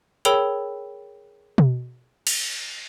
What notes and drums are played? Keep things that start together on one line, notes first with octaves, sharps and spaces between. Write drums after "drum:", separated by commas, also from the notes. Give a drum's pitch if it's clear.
G#4 A#4 C#5 G5 B5 E6, drum: hi-hat
drum: tom B2
drum: cymbal